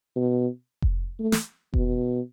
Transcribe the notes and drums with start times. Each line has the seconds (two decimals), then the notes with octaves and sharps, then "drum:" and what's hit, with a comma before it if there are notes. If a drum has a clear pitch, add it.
0.16 B2
0.82 drum: kick F1
1.20 A3
1.32 drum: snare
1.74 B2, drum: kick F1